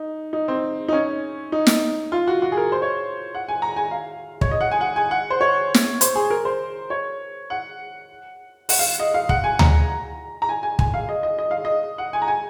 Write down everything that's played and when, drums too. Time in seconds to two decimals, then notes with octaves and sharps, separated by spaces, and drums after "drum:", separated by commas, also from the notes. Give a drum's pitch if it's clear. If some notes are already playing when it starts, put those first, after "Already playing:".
Already playing: D#4
0.33 D#4
0.48 C4
0.88 D#4
0.93 C#4
1.52 D#4
1.67 drum: snare
2.12 F4
2.27 F#4
2.42 F#4
2.52 G#4
2.57 A#4
2.72 C5
2.82 C#5
3.35 F#5
3.48 G#5
3.62 A#5
3.76 G#5
3.91 F5
4.41 C#5, drum: kick
4.51 D#5
4.61 F#5
4.71 G#5
4.81 F#5
4.96 G#5
5.11 F#5
5.30 C5
5.41 C#5
5.74 drum: snare
6.01 C5, drum: hi-hat
6.15 G#4
6.30 A#4
6.45 C5
6.90 C#5
7.50 F#5
8.69 F#5, drum: open hi-hat
8.79 F5
9.00 D#5
9.14 F5
9.29 F#5, drum: kick
9.44 G#5
9.59 A#5, drum: tom D2
10.42 A#5
10.49 G#5
10.63 G#5
10.79 G#5, drum: kick
10.94 F5
11.09 D#5
11.23 D#5
11.39 D#5
11.51 F5
11.65 D#5
11.98 F#5
12.13 G#5
12.22 A#5
12.28 G#5